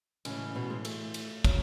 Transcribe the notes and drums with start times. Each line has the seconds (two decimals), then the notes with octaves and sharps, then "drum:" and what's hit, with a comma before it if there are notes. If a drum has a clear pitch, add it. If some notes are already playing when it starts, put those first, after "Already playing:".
0.25 A2 C#3 E3 G#3 C#4, drum: cymbal
0.55 B2 B3
0.70 G#3
0.85 A3, drum: cymbal
1.14 drum: cymbal
1.45 C#3 F#3, drum: kick, cymbal